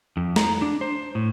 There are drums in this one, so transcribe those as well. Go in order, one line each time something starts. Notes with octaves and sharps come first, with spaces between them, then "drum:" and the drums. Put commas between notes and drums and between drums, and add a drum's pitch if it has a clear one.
F2
A#5, drum: snare
D4
C5
A2